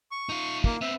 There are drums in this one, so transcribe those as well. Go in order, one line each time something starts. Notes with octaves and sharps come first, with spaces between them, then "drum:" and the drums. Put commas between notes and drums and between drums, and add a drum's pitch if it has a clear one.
C#6
D#4 F4
A#3, drum: kick
B3 C4 E5